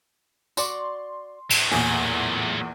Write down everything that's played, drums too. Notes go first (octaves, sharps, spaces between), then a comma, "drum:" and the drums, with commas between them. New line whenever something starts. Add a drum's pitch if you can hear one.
F#4 D5 C6, drum: tambourine
A2 F#3, drum: cymbal
E2 A#2 G#4, drum: open hi-hat